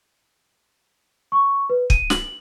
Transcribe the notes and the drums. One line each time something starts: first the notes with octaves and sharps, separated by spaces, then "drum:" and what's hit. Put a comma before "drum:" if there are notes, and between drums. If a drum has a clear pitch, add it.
C#6
B4
D#7, drum: kick
F#7, drum: snare